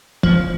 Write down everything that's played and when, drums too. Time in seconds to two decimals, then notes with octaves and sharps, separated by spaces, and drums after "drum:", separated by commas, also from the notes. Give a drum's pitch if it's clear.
0.23 F3, drum: kick